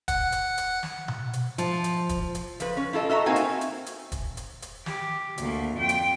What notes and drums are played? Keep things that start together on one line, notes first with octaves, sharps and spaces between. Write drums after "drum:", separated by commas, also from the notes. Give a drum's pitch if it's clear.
F#5, drum: kick, hi-hat
drum: hi-hat
drum: hi-hat
drum: snare
drum: tom B2
drum: hi-hat
F3, drum: hi-hat
drum: hi-hat
drum: kick, hi-hat
drum: hi-hat
F3 B4, drum: hi-hat
C#4
E4 F4 A4 D#5
F#4 D#5 E5 A#5
A#3 C4 D#4 F#4 G#5
drum: hi-hat
drum: hi-hat
drum: hi-hat
drum: kick, hi-hat
drum: hi-hat
drum: hi-hat
G4, drum: snare
D2 A#3, drum: hi-hat
F2 G5
drum: hi-hat